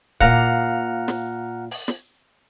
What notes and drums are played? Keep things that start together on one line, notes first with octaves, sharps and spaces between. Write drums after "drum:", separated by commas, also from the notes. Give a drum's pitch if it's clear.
A#2 F5 F#5 A#5 F6, drum: kick C#1
drum: snare
drum: open hi-hat
drum: snare